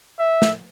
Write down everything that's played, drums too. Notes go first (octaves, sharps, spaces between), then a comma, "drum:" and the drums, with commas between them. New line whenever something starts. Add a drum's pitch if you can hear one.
E5
drum: snare